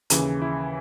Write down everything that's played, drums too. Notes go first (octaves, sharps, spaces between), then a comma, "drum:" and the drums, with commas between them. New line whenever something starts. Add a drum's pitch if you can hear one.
D#2 C#3 E3, drum: hi-hat
E4